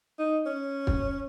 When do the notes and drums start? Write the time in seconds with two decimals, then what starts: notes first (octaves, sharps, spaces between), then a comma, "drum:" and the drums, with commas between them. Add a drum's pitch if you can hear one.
0.19 D#4
0.46 C#4
0.87 drum: kick